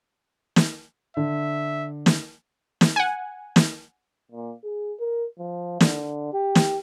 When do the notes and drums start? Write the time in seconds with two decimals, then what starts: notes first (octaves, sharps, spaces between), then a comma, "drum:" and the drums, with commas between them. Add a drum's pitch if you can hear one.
0.56 drum: snare
1.17 D3 E5
2.06 drum: snare
2.81 drum: snare
2.96 F#5 G#5
3.56 drum: snare
4.31 A#2
4.64 G#4
4.99 A#4
5.39 F3
5.81 D3, drum: snare
6.33 G4
6.55 drum: snare